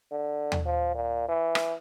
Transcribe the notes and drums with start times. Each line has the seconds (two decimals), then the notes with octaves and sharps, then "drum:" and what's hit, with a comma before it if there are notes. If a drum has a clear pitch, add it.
0.11 D3
0.52 drum: tom D#2
0.65 F3
0.94 A#2
1.28 E3
1.55 drum: rim click